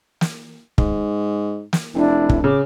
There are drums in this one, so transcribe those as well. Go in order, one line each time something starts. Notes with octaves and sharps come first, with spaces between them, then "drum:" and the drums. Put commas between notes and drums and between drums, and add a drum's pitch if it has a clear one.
drum: snare
G#2, drum: kick
drum: snare
F1 D4 E4
drum: kick
C#3 D6